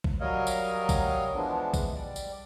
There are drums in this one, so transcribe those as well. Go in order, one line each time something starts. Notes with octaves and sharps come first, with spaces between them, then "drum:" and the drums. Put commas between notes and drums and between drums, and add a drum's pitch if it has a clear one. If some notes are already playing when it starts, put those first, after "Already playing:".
drum: kick A#1
F#3 G3 A#4 C#5 D#5 F5
drum: tambourine
drum: kick A#1, tambourine
E3 F3 G#3 B3 D4
drum: kick A#1, tambourine
G3 D5
drum: tambourine